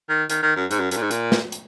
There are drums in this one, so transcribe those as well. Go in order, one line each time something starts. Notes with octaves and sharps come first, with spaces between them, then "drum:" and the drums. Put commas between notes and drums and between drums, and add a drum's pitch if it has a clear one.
D#3
D#3, drum: hi-hat
D#3
F#2
G#2, drum: hi-hat
F#2
F#2, drum: hi-hat
A#2
G#2
A#2, drum: hi-hat
drum: snare
drum: hi-hat